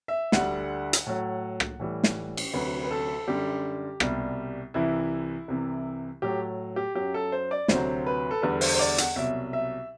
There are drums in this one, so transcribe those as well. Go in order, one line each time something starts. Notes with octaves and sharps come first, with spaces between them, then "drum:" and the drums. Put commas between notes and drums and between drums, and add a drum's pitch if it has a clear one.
E5
D2 D3 G3 F#5, drum: snare
drum: hi-hat
A2 F#3
drum: rim click
A2 E3 G3
drum: snare
drum: cymbal
D2 C3 F#3 B4
B4
A4
F#2 D3 G3 G4
C2 B2 G3, drum: rim click
C2 C3 E3 E4
C2 C3 E3
A2 F#3 G4
G4
F#2 F#3 G4
A4
C5
D5
D2 C3 F#3 C5, drum: snare
B4
A4
E2 D3 G3 B4
C5, drum: open hi-hat
C5
D5
F#5, drum: hi-hat
C2 B2 F#3 E5
E5